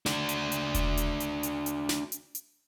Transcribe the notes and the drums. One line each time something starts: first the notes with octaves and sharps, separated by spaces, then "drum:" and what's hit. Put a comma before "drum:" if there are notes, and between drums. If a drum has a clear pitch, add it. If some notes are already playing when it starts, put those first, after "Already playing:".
D4 F#4, drum: snare
drum: hi-hat
drum: hi-hat
drum: kick E1, hi-hat
drum: hi-hat
drum: hi-hat
drum: hi-hat
drum: hi-hat
drum: snare
drum: hi-hat
drum: hi-hat